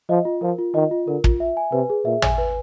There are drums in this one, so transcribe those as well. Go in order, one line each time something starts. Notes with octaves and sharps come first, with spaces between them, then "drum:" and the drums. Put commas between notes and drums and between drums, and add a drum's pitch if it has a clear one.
F3 D#5
F4
F3 A#4
F4
D#3 D#5
F4
D3 A#4
F4, drum: kick
E5
G#5
C3 B4
G#4
A#2 E5
G#5, drum: tom
B4